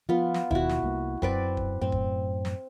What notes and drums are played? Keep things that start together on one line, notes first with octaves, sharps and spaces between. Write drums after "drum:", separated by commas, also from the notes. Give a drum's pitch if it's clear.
F3 B3 F4
drum: snare
D#2 B2 E4 F#4, drum: kick
drum: snare
C2 A#3 B3
F#2 C4 B4 D5, drum: kick
drum: kick
F#2 A2 C4
drum: kick
drum: snare